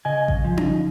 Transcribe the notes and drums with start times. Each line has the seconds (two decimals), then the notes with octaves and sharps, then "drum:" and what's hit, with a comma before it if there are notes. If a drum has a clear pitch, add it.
0.05 C#3 D#5 G#5
0.28 drum: kick A1
0.44 F3
0.57 D#4, drum: tom C#4